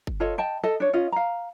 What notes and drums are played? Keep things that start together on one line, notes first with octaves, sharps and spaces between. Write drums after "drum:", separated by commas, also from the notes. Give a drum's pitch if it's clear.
drum: kick F#1
F4 A4 C#5 D#5
D#5 G5 A5
A4 D#5
D4 C#5
C#4 F4 D#5
F5 A#5